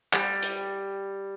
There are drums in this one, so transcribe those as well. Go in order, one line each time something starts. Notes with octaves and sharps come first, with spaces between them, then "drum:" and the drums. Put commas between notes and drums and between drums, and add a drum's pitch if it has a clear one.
G3, drum: clap
drum: hi-hat